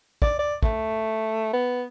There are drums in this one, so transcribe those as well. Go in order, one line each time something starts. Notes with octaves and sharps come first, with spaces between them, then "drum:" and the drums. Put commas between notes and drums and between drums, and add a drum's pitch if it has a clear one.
D5, drum: kick
D5
A3, drum: kick
B3